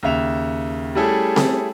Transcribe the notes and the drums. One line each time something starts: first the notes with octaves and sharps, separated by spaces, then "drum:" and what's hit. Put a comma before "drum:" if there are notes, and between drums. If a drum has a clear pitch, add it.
D#2 C#3 E5 F7
G3 A3 C#4 E4 G#4 A4
drum: snare C4